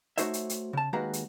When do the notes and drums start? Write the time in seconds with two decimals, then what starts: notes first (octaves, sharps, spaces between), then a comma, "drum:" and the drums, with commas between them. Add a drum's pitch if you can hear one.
0.18 A3 D#4 F#4 C5 C#5 E5, drum: hi-hat
0.34 drum: hi-hat
0.49 drum: hi-hat
0.73 C#3 A5
0.93 D#2 G#3 F#4 B4 F5 A#5
1.13 drum: hi-hat